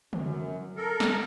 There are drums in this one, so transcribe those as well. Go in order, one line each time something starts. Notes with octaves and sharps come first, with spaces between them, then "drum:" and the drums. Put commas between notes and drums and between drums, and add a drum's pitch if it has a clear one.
F#2, drum: tom
A4 A#4
drum: snare